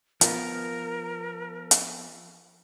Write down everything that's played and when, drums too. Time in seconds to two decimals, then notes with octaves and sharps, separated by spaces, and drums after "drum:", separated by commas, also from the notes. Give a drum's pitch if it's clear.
0.21 F3 B3 A#4, drum: hi-hat
1.71 drum: hi-hat